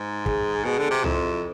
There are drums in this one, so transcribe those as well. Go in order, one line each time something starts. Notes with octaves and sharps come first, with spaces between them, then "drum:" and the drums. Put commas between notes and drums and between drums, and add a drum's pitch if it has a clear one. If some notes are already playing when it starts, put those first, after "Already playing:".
Already playing: G#2
G#4, drum: kick
B2 G#4
D3
C3
F2 E4, drum: tom C2